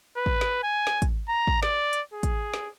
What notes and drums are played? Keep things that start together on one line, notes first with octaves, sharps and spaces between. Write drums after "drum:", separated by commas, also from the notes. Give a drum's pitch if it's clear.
B4
drum: kick
drum: snare
G#5
drum: snare
drum: kick, hi-hat
A#5
drum: kick
D5, drum: snare
drum: hi-hat
G#4
drum: kick, hi-hat
drum: snare